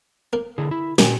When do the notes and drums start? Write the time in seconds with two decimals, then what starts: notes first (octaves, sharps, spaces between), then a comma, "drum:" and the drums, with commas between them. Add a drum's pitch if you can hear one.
0.33 A#3
0.58 D3 E4 G#4
0.71 E4
0.98 A#2 D#3 G4 G#5, drum: snare